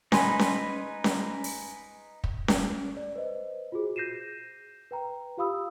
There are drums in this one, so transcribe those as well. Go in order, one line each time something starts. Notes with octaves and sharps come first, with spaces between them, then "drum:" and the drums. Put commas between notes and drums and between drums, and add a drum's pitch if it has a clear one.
D#4 B4 G#5 B5 C6, drum: snare C#4
drum: snare C#4
drum: snare C#4
drum: open hi-hat
drum: kick
drum: snare C#4
D5
B4 C5 D#5
F4 F#4 G#4 C5
G6 A#6 C7 D#7 E7
B4 G5 A#5
F4 G4 F5 B5 D#6 E6